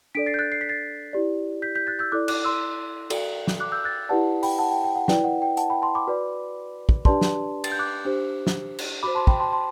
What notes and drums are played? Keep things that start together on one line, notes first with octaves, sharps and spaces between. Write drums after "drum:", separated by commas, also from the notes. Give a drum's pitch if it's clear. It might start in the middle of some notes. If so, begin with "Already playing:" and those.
D4 A4 D5 B6 D7
A6 C7
G6
F#6 A6
C7
B6
A6 C7
E4 G4 D5
G6 B6
G6 B6
F#6 A6
E6 G6
E4 A4 D5 D6 F#6
D6 F#6, drum: cymbal
C6 E6
F#4 A4 D5, drum: cymbal
drum: snare
D6 F#6
E6 G6
F#6 A6
E4 G4 B4 D5 F#5 A5
G5 B5, drum: open hi-hat
F#5 A5
G5
G5
F#5
E4 B4 D5 G5, drum: snare
F#5
G5
F#5 A5, drum: hi-hat
G5 B5
A5 C6
B5 D6
F#4 B4 D5
drum: kick
D4 G4 B4 D5 A5 C6, drum: kick
drum: snare
A6, drum: cymbal
G6
D6 F#6
D4 G4 C5
drum: snare
drum: cymbal
F#4 C5 B5 D6
A5 C6
G5 B5, drum: kick
A5 C6
A5 C6